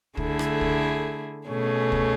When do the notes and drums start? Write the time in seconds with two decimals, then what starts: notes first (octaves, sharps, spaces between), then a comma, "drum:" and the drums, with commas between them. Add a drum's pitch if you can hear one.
0.17 D3 A3 E4 G#4, drum: kick
0.39 drum: rim click
0.61 drum: kick
1.48 B2 A3 C#4 G#4
1.92 drum: kick